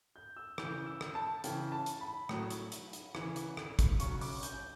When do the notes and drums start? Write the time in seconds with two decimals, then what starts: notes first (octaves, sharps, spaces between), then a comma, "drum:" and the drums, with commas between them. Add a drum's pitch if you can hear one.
0.16 G6
0.36 E6
0.58 C#3 E3 G6, drum: rim click
0.86 E6
1.01 drum: rim click
1.15 A5
1.44 C#3 E3 G5, drum: hi-hat
1.72 A5
1.86 drum: hi-hat
2.01 B5
2.29 A2 F#3, drum: rim click
2.50 drum: hi-hat
2.72 drum: hi-hat
2.93 drum: hi-hat
3.15 C#3 E3, drum: rim click
3.36 drum: hi-hat
3.57 drum: rim click
3.79 drum: kick, hi-hat
4.00 C#3 F#3 C#6, drum: hi-hat
4.21 D6, drum: open hi-hat
4.43 G6, drum: hi-hat